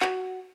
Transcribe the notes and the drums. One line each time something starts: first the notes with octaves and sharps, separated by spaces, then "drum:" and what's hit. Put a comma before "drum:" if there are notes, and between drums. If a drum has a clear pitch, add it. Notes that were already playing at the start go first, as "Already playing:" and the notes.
F#4, drum: clap